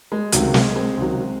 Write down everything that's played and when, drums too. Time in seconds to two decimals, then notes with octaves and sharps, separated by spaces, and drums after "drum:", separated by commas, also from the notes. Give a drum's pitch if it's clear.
0.12 G#3
0.32 C#2 C3 D#3 F#3 A3, drum: hi-hat
0.54 G#3, drum: snare
0.76 G#3 C4
0.97 C#2 C3 D#3 F#3